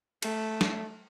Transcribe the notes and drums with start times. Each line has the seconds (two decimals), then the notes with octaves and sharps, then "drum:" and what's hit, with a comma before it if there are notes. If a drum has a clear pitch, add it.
0.22 A3, drum: cymbal
0.61 drum: snare